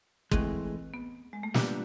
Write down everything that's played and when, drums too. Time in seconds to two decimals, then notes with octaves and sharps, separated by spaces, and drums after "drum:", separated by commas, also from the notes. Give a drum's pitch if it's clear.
0.31 A2 E3 G#3 C4, drum: kick
0.94 B3
1.33 G#3
1.43 A3
1.54 A#2 G3 A#3 B3 D4 G4, drum: snare